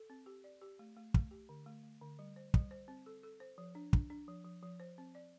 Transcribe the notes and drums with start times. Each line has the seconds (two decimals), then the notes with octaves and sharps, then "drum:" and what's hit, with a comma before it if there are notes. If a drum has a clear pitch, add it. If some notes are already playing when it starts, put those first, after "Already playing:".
Already playing: A4
0.10 C4
0.26 G4
0.44 D5
0.61 G4
0.79 A3
0.97 A3
1.14 A3, drum: kick
1.31 G4
1.49 D3
1.66 A3
1.84 A3
2.01 D3
2.19 G3
2.36 C5
2.54 G3, drum: kick
2.71 C5
2.88 C4
3.06 A4
3.24 A4
3.40 C5
3.58 F3
3.75 D4
3.93 D4, drum: kick
4.10 D4
4.28 F3
4.45 F3
4.63 F3
4.80 C5
4.98 C4
5.15 D5